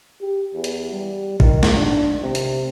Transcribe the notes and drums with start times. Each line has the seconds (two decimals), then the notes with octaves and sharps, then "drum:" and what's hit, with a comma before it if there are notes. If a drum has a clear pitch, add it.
0.21 G4
0.54 E2
0.64 drum: hi-hat
0.92 G3
1.40 D#3, drum: kick
1.63 drum: snare
1.75 D4
2.23 C3
2.35 drum: hi-hat